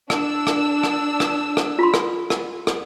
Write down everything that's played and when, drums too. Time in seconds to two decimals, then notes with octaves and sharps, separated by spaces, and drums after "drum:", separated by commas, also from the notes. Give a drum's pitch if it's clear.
0.10 D4 E6, drum: rim click
0.47 drum: rim click
0.83 drum: rim click
1.20 drum: rim click
1.57 drum: rim click
1.79 F4 B5 C6
1.94 drum: rim click
2.30 drum: rim click
2.67 drum: rim click